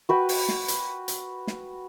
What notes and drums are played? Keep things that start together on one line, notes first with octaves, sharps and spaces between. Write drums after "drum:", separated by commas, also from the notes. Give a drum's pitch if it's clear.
F#4 B4 G5
drum: open hi-hat
drum: snare
drum: hi-hat
drum: hi-hat
drum: snare